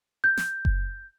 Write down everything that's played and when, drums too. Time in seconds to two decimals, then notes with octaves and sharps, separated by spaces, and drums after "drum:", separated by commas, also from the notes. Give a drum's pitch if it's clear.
0.24 G6
0.37 drum: snare
0.65 drum: kick F#1